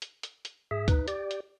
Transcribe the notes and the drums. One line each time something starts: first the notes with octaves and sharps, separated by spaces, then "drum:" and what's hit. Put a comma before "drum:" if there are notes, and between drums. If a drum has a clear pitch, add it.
drum: hi-hat
drum: hi-hat
drum: hi-hat
G#2 G#4 E5
D#4 B4, drum: kick C#2, hi-hat
G4 D5, drum: hi-hat
drum: hi-hat